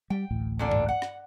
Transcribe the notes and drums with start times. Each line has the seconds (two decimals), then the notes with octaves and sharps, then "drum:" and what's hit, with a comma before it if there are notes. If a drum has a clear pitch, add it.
0.10 G3 G5
0.31 A1 D2 A2
0.59 A#2 D3 D4
0.71 drum: tom G2
0.89 F#5
1.02 drum: rim click